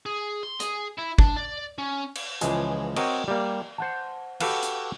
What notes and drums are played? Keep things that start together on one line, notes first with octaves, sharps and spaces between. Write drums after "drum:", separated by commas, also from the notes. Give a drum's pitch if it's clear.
G#4
C6
G#4, drum: hi-hat
E4
D4, drum: kick
D5
C#4
drum: cymbal
C#2 E3 F3 G#3 G#4, drum: hi-hat
C4 F#4 A#4 C#5 D#5, drum: cymbal
G3 A#3
C5 F#5 A5
F#4 G4 A4 B4 F5 F#5, drum: cymbal
drum: hi-hat